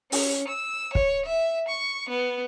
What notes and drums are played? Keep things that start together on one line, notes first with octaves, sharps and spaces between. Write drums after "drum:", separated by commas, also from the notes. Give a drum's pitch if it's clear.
C#4, drum: open hi-hat
E6
C#5, drum: kick
E5
C#6
B3